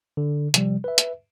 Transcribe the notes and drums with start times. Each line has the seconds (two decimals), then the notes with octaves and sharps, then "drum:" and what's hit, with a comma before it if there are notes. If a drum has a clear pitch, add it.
0.17 D3
0.54 C3 F3 G3, drum: hi-hat
0.84 B4 E5
0.98 drum: hi-hat